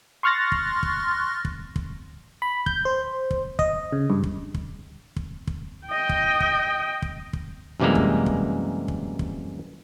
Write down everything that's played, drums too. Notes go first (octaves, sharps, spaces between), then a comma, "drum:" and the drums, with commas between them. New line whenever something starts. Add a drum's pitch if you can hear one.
C6 C#6 F6 F#6 A6 A#6
drum: kick
drum: kick
drum: kick
drum: kick
B5
G6, drum: kick
C5
drum: kick
D#5, drum: kick
C#3
G2
drum: kick
drum: kick
drum: kick
drum: kick
D#5 G5
drum: kick
drum: kick
drum: kick
drum: kick
F#2 C3 E3 G3 G#3 A#3
drum: kick
drum: kick
drum: kick
drum: kick